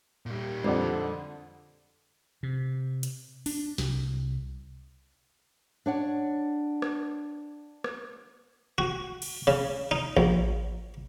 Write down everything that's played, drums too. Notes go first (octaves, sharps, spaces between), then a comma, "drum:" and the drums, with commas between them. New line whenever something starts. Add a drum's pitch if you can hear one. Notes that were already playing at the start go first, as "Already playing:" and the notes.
A#2 G3
F2 D3 C5 D5 F#5, drum: tom G3
C3
drum: hi-hat
D4, drum: open hi-hat
C2, drum: snare
D4 C#5 F#5
drum: rim click
drum: rim click
F#4
drum: cymbal
C#3
D#4
A#1, drum: kick A1